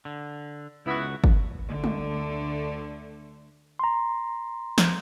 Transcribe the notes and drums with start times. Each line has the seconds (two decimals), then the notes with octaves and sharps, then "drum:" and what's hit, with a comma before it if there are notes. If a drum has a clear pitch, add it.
0.05 D3
0.86 C#2 B3 E4 F#4
1.24 drum: kick G1
1.67 D2 D3 A3
1.84 drum: tom G3
3.79 A#5 C6
4.78 drum: snare